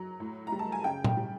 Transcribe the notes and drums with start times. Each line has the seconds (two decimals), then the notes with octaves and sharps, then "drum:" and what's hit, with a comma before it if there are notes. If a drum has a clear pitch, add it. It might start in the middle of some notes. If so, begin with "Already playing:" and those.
Already playing: F#3 A#5
0.20 A2
0.47 A#5
0.52 G3
0.59 A5
0.72 G#5
0.84 C#3 G5
1.04 drum: tom A#2
1.17 G3